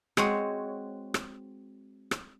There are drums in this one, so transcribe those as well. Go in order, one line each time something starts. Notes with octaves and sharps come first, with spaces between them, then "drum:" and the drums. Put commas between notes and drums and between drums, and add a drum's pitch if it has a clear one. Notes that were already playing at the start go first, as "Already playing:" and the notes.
G#3 C4 F#4 G#4 C#5, drum: rim click
drum: rim click
drum: rim click